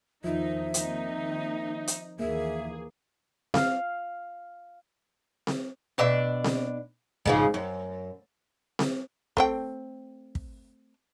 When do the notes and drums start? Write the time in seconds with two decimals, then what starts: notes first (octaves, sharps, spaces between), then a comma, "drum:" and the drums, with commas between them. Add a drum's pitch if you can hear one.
0.24 E2 D#3 F3 D#4 E5
0.74 D#3 A#3 C4 D#4, drum: hi-hat
1.88 drum: hi-hat
2.19 D#2 E3 A#3 G#4 E5
3.54 F5, drum: snare C4
5.47 drum: snare C4
5.98 B2 D4 E5
6.44 drum: snare C4
7.26 G#2 C#3 F3, drum: kick
7.54 F#2
8.79 drum: snare C4
9.37 A3 C4 G5, drum: kick
10.35 drum: kick